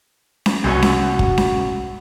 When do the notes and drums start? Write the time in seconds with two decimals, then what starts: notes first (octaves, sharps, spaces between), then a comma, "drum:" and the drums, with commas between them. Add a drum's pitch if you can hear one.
0.46 drum: snare C#4
0.64 C2 F#2 B2 C#4 F#4
0.82 drum: snare C#4
1.19 drum: kick
1.38 drum: snare C#4